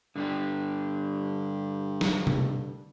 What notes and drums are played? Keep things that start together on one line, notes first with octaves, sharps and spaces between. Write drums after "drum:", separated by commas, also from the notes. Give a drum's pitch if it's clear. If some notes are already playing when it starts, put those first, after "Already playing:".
G2 D3 D4 G4
drum: snare
drum: tom C3